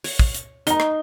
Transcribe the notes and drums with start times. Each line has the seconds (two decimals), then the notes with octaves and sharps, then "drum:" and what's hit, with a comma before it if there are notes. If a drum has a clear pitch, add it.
0.04 C#5, drum: open hi-hat
0.19 drum: kick
0.34 drum: hi-hat
0.67 D#4 A#5 G7, drum: hi-hat
0.80 drum: rim click